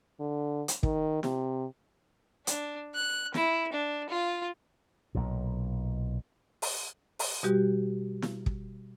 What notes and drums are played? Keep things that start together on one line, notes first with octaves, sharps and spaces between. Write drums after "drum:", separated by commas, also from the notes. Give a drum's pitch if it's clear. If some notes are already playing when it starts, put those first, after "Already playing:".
D3
drum: hi-hat
D#3, drum: kick
C3, drum: snare
D4, drum: hi-hat
F#6
E4, drum: snare
D4
F4
B1 A#2
drum: open hi-hat
drum: open hi-hat
B2 G3 F#4 G4
drum: snare
drum: kick